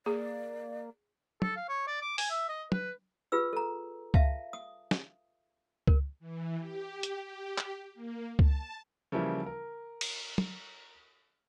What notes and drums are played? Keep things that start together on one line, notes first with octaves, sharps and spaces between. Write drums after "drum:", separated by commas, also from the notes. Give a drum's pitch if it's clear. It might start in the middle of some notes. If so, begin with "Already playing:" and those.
A#3 G#4 D5
A4, drum: tom
F5
C#5
D5
D6
G#5, drum: open hi-hat
E5
D#5
B4, drum: tom
F4 G#4 B4 E6
A4 A#5
E5 F5 A5, drum: kick C#2
D#6
drum: snare
A#4, drum: kick C#2
E3
G4
drum: hi-hat
G4
drum: clap
A#3
A5, drum: kick C#2
C#3 E3 F3 G3 A#3 E4
A#4
drum: cymbal
drum: tom